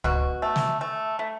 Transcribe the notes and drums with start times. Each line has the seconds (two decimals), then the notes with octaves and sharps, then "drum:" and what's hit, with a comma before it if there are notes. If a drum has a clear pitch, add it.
0.04 B2 F#4, drum: kick
0.42 A3
0.56 drum: snare
0.81 A3
1.19 A3